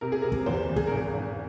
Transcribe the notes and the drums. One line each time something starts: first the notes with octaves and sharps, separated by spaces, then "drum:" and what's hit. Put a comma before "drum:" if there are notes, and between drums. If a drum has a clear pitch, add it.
C3 A#4
G#4
C3 A#4
drum: kick
E2 C5
E2
G#4, drum: kick
G#1 A#4
G#4
G#1